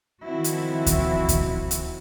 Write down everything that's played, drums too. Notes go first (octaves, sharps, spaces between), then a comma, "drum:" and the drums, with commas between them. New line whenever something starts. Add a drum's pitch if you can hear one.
D#3 F3 C4 E4 F#4
drum: hi-hat
drum: kick D2, hi-hat
drum: kick D2, hi-hat
drum: hi-hat